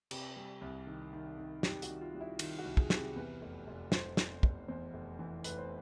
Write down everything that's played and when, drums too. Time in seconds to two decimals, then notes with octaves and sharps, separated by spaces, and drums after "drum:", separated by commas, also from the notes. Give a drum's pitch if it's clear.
0.11 C3 G4, drum: cymbal
0.36 G3
0.61 C2
0.87 D#3
1.13 D#3
1.38 D#3
1.63 G3 G4, drum: snare
1.82 F#4, drum: hi-hat
1.88 D#3
2.01 F4
2.14 G3
2.21 E4
2.39 D#3 F4, drum: cymbal
2.59 F#4
2.65 C2
2.77 G#4, drum: kick
2.90 C3 G4, drum: snare
2.97 G#4
3.16 E2 B4
3.41 F1
3.67 F1
3.92 F1 C5, drum: snare
4.17 F1, drum: snare
4.43 F1, drum: kick
4.68 E2 C5
4.93 F1
5.19 E3
5.44 F1 B4, drum: hi-hat
5.58 C5